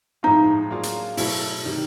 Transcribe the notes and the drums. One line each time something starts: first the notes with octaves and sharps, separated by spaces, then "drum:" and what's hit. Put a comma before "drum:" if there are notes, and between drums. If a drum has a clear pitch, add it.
A2 F3 G#3 C4 D#4 F4
F#3 A#3 D4 F4 G#4
drum: hi-hat
B2 F#3 A3 E4, drum: open hi-hat
C3 D#3 G3